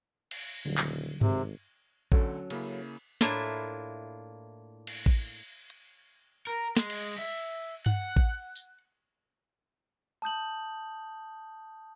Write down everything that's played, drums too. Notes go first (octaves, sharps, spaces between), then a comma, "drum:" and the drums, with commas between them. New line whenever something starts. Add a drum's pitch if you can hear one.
drum: cymbal
D#1 D3 F#3 G3
drum: clap
G#1 C3, drum: tom G2
D2 D3 F#3 C#4 A4, drum: kick A1
C#3 A#3 E4, drum: cymbal
A2 A#3 D4 E4 F4 E5, drum: snare
drum: cymbal
drum: kick A1
drum: hi-hat
A#4
G#3, drum: snare
drum: cymbal
E5
F#5, drum: tom G2
drum: kick A1
drum: tambourine
A5 D#6 G6 F#7